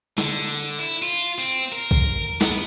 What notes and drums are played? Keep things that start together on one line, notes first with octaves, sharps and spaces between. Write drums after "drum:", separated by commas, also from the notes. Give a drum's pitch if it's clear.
D3, drum: snare
E4
F4
C4
A#4
drum: kick
B3, drum: snare